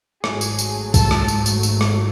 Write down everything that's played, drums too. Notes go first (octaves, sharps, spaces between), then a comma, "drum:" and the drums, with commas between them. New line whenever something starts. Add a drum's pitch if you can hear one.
G#1 G#2 F#3 A3 G#4, drum: rim click
drum: tambourine
drum: tambourine
A4, drum: kick, tambourine
drum: rim click
drum: tambourine
drum: tambourine
drum: tambourine
drum: rim click